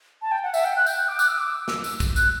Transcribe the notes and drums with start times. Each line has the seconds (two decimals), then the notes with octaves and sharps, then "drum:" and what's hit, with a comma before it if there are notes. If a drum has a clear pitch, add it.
0.22 A5
0.32 G5
0.43 F#5
0.54 E5, drum: tambourine
0.65 G5
0.76 F#6
0.86 G6, drum: tambourine
0.98 F#6
1.08 D6
1.19 F#6, drum: tambourine
1.28 E6
1.38 D6
1.47 E6
1.68 drum: snare
1.84 drum: tambourine
2.00 drum: kick, tambourine
2.16 F#6, drum: tambourine